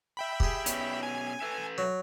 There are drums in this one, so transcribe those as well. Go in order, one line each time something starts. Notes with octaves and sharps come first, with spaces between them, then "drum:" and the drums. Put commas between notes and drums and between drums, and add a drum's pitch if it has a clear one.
E5 G5 B5
G4 G#4, drum: kick
B2 C#4, drum: hi-hat
G#5
A4 B4 E5
F#3